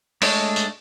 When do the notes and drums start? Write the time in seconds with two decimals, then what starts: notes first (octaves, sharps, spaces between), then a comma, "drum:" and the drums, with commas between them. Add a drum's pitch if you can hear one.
0.22 G#3 A3 D4 C#5 D#5, drum: open hi-hat
0.56 drum: tambourine